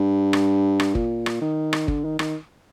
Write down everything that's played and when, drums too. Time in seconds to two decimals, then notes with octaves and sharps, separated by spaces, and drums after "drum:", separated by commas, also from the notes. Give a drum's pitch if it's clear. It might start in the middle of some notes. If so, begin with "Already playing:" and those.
Already playing: G2
0.33 drum: rim click
0.80 drum: rim click
0.95 A#2, drum: kick
1.26 drum: rim click
1.41 D#3
1.73 drum: rim click
1.88 D3, drum: kick
2.04 D#3
2.19 D#3, drum: rim click